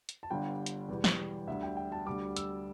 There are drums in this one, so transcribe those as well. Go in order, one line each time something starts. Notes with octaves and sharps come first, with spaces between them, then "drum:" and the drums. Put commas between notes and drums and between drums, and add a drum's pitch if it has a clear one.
drum: hi-hat
A5
G1 G2 D3 G3 G5
drum: hi-hat
E1 E2 E3 G3
drum: snare
D2 D3 G3 E5
G5
G5
A5
D2 D3 G3 D6
E6, drum: hi-hat